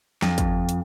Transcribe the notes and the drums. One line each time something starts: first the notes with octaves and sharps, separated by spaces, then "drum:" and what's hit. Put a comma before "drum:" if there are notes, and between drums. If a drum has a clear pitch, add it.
F2, drum: snare
drum: kick, hi-hat
drum: hi-hat